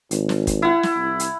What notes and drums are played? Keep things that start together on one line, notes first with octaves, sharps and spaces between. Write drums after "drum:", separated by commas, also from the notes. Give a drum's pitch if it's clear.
G#1, drum: hi-hat
drum: snare
drum: kick, hi-hat
E4 F#5
drum: snare
C2
drum: hi-hat